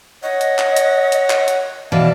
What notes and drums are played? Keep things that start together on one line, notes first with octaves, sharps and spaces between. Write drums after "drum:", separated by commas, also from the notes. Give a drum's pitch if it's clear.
C#5 D#5 F#5
drum: hi-hat
drum: clap
drum: hi-hat
drum: hi-hat
drum: clap
drum: hi-hat
B2 E3 D5 F5 A5